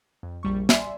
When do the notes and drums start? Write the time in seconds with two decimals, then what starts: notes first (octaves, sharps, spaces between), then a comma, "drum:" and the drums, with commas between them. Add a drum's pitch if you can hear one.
0.23 F2
0.43 A#1 G3 C#6
0.69 D5 E5 G#5 C6, drum: snare